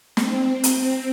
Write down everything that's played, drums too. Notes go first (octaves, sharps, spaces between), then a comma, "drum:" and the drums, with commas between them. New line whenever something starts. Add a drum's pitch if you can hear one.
C4, drum: snare
drum: hi-hat